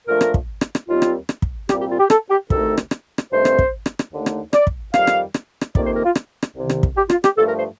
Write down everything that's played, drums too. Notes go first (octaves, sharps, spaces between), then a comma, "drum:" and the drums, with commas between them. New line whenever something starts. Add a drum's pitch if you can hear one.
A#2 F3 A3 D4 A#4
drum: rim click
drum: kick
drum: rim click
drum: rim click
D#2 D#3 G3 C4 F4
drum: rim click
drum: rim click
drum: kick
C2 A#2 G3 C4 G4, drum: rim click
G4
F4
G4
A4, drum: rim click
G4
D2 C3 D#3 A3 D#4 A4, drum: kick
drum: rim click
drum: rim click
drum: rim click
G2 D#3 A3 C4 C5
drum: rim click
drum: kick
drum: rim click
drum: rim click
D#2 D3 A3 D#4
drum: rim click
D5, drum: rim click
drum: kick
F2 D#3 G3 F5, drum: rim click
drum: rim click
drum: rim click
drum: rim click
F2 C3 D#3 A#3 D5, drum: kick
C5
A#4
F4
drum: rim click
drum: rim click
C2 C3 D#3
drum: rim click
drum: kick
G4
F4, drum: rim click
G4, drum: rim click
G2 F3 A3 A4
A#4
C5